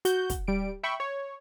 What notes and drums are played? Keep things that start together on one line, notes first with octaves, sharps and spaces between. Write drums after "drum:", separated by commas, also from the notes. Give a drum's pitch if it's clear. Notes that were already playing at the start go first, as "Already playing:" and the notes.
F#4 G6, drum: hi-hat
drum: kick, hi-hat
G3 D7
E5 G5 B5 C#6
C#5